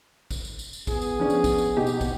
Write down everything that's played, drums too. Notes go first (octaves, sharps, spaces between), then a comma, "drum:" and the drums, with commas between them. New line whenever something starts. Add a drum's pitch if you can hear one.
drum: kick, tambourine
drum: tambourine
drum: tambourine
drum: tambourine
B3 G#4, drum: kick, tambourine
drum: tambourine
F3 C#4 D4
drum: tambourine
drum: kick, tambourine
drum: tambourine
B2 D#4 G4
drum: tambourine
drum: kick, tambourine